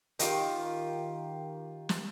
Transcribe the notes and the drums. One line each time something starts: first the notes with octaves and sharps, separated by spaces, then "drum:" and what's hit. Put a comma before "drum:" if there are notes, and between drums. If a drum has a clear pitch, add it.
D#3 F4 G4, drum: hi-hat
drum: snare